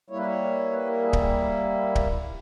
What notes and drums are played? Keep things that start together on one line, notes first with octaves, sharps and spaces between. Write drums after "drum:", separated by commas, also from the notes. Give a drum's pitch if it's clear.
G3 A#3 E4 C#5
B4
C#5
B4
A#4
G#4
drum: kick D1
drum: kick D1